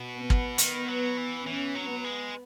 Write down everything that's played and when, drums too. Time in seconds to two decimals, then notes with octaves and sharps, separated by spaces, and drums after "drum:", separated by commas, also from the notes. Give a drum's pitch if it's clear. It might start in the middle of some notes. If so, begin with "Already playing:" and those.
Already playing: B2
0.16 B3
0.30 drum: kick
0.58 D#3, drum: hi-hat
0.88 F#3
1.17 E3
1.45 E3 C#4
1.75 F#3
1.90 B3
2.04 G#3